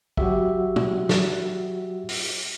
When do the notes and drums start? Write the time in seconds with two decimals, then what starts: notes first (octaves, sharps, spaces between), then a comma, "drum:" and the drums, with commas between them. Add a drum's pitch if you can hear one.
0.17 F#3 F#4 G4 E5, drum: kick
0.76 drum: tom
1.09 drum: snare
2.09 drum: open hi-hat